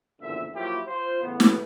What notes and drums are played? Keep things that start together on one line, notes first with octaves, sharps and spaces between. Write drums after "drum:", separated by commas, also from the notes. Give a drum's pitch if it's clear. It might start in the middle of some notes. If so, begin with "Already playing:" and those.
F#1 E2 A#2 D3 F3 E5
F3 F#3 A#3 E4 F4 G4
F4 C5
A2 C#3 E3 B3
drum: snare